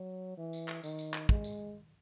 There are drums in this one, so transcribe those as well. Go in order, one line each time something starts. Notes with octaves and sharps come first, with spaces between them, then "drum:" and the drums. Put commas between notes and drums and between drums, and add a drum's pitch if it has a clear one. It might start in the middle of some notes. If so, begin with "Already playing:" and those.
Already playing: F#3
E3
drum: tambourine
drum: clap
D#3, drum: tambourine
drum: tambourine
drum: clap
G#3, drum: kick
drum: tambourine